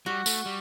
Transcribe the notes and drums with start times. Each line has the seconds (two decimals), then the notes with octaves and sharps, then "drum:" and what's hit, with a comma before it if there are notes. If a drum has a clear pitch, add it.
0.06 G3 F#4
0.26 A3, drum: tambourine
0.46 G3